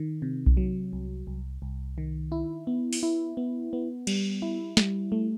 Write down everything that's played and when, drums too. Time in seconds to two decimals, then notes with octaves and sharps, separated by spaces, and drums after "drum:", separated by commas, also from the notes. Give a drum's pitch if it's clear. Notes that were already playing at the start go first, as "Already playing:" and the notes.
Already playing: D#3
0.22 C3
0.46 drum: kick B1
0.57 F#3
0.93 C2
1.27 C2
1.62 C2
1.98 D#3
2.32 E4
2.67 B3
2.93 drum: open hi-hat
3.03 E4
3.37 B3
3.73 B3
4.07 G3, drum: cymbal
4.42 E4
4.77 G3, drum: snare
5.12 A3